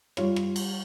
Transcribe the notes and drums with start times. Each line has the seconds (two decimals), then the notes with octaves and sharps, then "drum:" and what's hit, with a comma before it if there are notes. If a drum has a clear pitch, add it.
0.17 G3 F4 C#5, drum: rim click
0.36 drum: rim click
0.56 drum: cymbal